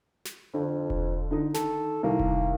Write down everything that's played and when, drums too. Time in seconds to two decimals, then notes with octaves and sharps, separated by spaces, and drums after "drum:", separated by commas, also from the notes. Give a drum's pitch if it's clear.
0.25 drum: snare
0.54 F2 D3
0.90 drum: kick E1
1.31 D3 D#4
1.54 D#3 A4, drum: snare
2.03 C2 D#3 A#3
2.19 drum: kick E1